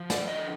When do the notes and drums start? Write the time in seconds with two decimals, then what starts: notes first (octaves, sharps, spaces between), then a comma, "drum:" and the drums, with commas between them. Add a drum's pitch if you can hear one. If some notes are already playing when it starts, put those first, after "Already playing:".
Already playing: F3
0.10 D5, drum: snare
0.28 D3 D#5